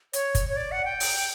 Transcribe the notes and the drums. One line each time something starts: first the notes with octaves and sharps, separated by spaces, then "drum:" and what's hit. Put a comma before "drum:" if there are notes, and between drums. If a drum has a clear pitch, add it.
C#5, drum: hi-hat
drum: kick, hi-hat
C#5
D5
F#5
G5
drum: open hi-hat